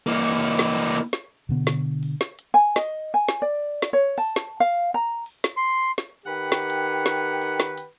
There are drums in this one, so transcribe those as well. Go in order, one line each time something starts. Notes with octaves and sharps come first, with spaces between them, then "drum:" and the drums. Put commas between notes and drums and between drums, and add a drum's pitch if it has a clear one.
E3 A#3
drum: snare
drum: open hi-hat
drum: snare
B2 D3 B3
drum: snare
drum: open hi-hat
drum: snare
drum: hi-hat
G#5
D#5, drum: snare
G#5
drum: snare
D5
drum: snare
C#5
A5, drum: open hi-hat
drum: snare
F5
A#5
drum: open hi-hat
drum: snare
C6
drum: snare
D#3 G4 B4 F#5 G5
drum: snare
drum: hi-hat
drum: snare
drum: open hi-hat
drum: snare
drum: hi-hat